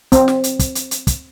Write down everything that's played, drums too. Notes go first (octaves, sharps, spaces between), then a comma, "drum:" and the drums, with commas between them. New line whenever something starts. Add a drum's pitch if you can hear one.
C4, drum: kick, hi-hat
drum: snare
drum: hi-hat
drum: kick, hi-hat
drum: hi-hat
drum: hi-hat
drum: kick, hi-hat